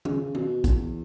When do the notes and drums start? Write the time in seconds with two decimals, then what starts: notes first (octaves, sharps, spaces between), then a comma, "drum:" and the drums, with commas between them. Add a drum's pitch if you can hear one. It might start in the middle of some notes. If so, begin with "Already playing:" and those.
0.05 C#3, drum: tom
0.35 B2, drum: tom
0.64 E2, drum: kick A1, hi-hat